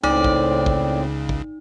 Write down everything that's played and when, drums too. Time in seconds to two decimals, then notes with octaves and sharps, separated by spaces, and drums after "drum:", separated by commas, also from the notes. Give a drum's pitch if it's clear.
0.03 C#2 A2 C#3 C4 D#4 D5
0.24 drum: kick
0.66 drum: kick
1.29 drum: kick